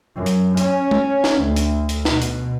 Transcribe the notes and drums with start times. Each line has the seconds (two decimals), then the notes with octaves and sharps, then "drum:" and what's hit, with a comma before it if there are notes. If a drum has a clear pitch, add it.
0.16 F#2
0.26 drum: hi-hat
0.57 C#4, drum: hi-hat
0.91 drum: tom
1.24 drum: snare
1.41 D2
1.56 drum: hi-hat
1.89 drum: hi-hat
2.05 B2, drum: snare
2.22 drum: hi-hat